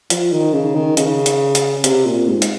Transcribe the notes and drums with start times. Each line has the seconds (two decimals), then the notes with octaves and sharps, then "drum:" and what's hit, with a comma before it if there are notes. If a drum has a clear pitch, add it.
0.10 F3, drum: hi-hat
0.32 D#3
0.53 C#3
0.75 D#3
0.97 C#3, drum: hi-hat
1.26 drum: hi-hat
1.55 drum: hi-hat
1.84 C3, drum: hi-hat
2.06 A#2
2.27 G#2
2.42 drum: hi-hat